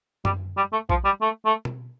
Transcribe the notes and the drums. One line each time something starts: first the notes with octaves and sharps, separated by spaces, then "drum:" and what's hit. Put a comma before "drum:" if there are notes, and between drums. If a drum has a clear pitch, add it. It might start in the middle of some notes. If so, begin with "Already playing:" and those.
G3, drum: tom F#2
G3
A3
F3, drum: kick A#1
G3
A3
A3
drum: tom B2